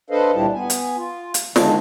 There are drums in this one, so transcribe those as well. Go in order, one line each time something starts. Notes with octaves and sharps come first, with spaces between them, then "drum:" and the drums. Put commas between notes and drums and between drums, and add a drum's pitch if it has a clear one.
D4 A4 B4 C5 D#5 F5
D2 A#2 G3 E4 G4 A5
B3 G#5
drum: hi-hat
F4
drum: hi-hat
D3 D#3 G#3 A#3 D4, drum: snare